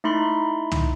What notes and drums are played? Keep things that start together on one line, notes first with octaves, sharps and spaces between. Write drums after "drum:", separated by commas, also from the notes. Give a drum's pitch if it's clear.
A3 D#4 E4 B5 C6
drum: tom